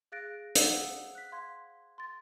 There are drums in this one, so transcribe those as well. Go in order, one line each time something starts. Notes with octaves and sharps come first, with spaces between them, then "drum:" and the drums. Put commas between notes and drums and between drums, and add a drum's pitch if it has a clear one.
G#4 F5 F#6 A6 A#6 D7
C5 F5 F#5 D#6 E6, drum: hi-hat
F#6 B6
F5 C6 G#6
C6 A6